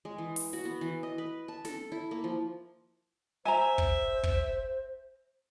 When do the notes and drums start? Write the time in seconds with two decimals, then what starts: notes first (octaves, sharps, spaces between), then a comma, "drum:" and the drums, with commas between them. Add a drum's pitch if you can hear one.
0.05 G#3
0.18 E3
0.36 drum: open hi-hat
0.53 F#4
0.65 B3
0.81 E3
1.03 D#5
1.18 B4
1.48 A5
1.65 A4, drum: snare
1.92 E4
2.11 A#3
2.24 F3
3.45 C5 E5 G#5 A#5
3.78 drum: kick
4.23 drum: kick